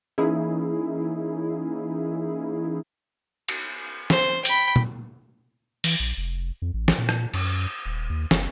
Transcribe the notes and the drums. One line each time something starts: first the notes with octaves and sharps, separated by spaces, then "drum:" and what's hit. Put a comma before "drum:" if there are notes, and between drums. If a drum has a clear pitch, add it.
E3 A#3 C#4 D#4 E4 G#4
drum: cymbal
C5, drum: snare
G5 B5, drum: hi-hat
drum: tom
E3, drum: open hi-hat
A#1
F1
F2
A1
drum: snare
A#2
drum: rim click
F#2, drum: cymbal
D#1
D#2
F#1, drum: snare